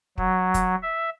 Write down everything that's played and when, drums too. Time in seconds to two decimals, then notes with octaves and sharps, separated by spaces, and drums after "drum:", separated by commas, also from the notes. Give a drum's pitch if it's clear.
0.18 F#3, drum: kick
0.54 drum: kick, hi-hat
0.83 E5